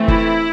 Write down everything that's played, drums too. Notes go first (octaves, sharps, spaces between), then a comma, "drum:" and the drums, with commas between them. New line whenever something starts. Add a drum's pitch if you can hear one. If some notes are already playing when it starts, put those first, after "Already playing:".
Already playing: E3 A3 C4
E4, drum: kick